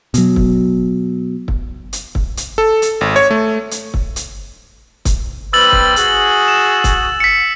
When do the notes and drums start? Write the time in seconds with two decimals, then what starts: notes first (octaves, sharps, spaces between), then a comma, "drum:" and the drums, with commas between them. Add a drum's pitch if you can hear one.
0.14 B2 F#3, drum: hi-hat
0.36 drum: kick
1.48 drum: kick
1.93 drum: hi-hat
2.15 drum: kick
2.37 drum: hi-hat
2.58 A4
2.82 drum: hi-hat
3.01 G#1
3.16 C#5
3.31 A3
3.71 drum: hi-hat
3.94 drum: kick
4.16 drum: hi-hat
5.05 drum: kick, hi-hat
5.53 G3 C4 B4 E6 A6 F#7
5.72 drum: kick
5.96 F#4 G#4, drum: hi-hat
6.48 E7
6.84 drum: kick, hi-hat
7.20 B6 C#7